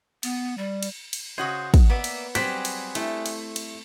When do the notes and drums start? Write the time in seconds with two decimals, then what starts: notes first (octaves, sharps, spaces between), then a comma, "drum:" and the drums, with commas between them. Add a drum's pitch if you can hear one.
0.23 B3, drum: cymbal
0.58 G3
0.83 drum: cymbal
1.13 drum: cymbal
1.38 C#3 F#4 C5 C#5 D#5
1.74 drum: kick, cymbal
1.90 A#3 B3 D5 E5
2.04 drum: cymbal
2.35 F#3 G3 C4 G#4 B4 D5 B6, drum: cymbal
2.65 drum: cymbal
2.95 A3 E4 G4, drum: cymbal
3.26 drum: cymbal
3.56 drum: cymbal